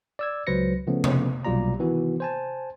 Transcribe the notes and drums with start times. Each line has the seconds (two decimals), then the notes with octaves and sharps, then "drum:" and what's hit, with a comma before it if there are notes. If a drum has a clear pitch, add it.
0.19 D5 E6 G#6
0.47 C#2 F#3 B4 C5 A#6 C#7
0.87 C#3 F3 A3 B3 C#4
1.04 drum: tom C3
1.45 B1 B2 G3 F4 D5 A#5
1.79 D#3 E3 B3 F#4
2.20 C5 G#5 A5